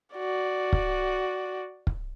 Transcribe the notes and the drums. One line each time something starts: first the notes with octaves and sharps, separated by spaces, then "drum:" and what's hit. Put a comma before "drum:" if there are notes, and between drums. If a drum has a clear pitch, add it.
F#4 D5
drum: kick
drum: kick